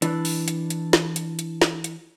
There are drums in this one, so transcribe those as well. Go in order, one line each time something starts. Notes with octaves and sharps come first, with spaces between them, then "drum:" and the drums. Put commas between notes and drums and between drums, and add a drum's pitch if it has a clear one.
E3 D4, drum: hi-hat
drum: open hi-hat
drum: hi-hat
drum: hi-hat
drum: snare
drum: hi-hat
drum: hi-hat
drum: snare
drum: hi-hat